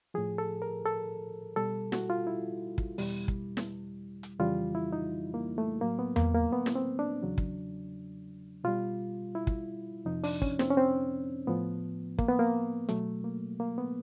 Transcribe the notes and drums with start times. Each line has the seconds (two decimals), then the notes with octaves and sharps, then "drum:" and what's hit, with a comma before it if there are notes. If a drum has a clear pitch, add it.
0.14 A2 F3 G#4
0.38 A4
0.62 A#4
0.85 A4
1.56 B2 G3 A4
1.92 F#4, drum: snare
2.10 F4
2.27 E4
2.78 drum: kick
2.98 E2 B2 G3, drum: open hi-hat
3.28 drum: kick
3.57 drum: snare
4.23 drum: hi-hat
4.39 F2 C#3 E3 G3 F4
4.75 E4
4.93 D#4
5.34 A#3
5.58 A3
5.81 A2 F#3 A#3
5.99 B3
6.16 A#3, drum: tom E2
6.35 A#3
6.52 B3
6.66 drum: snare
6.75 C4
6.99 D4
7.23 E2 C#3 F#3
7.38 drum: kick
8.64 B2 G3 F4
9.35 E4
9.47 drum: kick
10.05 F2 C3 F3 D#4
10.24 D4, drum: open hi-hat
10.42 C#4, drum: kick
10.59 C4, drum: snare
10.71 C#4
10.77 C4
11.47 A2 F3 B3
12.19 A#3, drum: kick
12.29 B3
12.39 A#3
12.89 B2 F#3 A3, drum: hi-hat
13.24 A#3
13.60 A#3
13.78 B3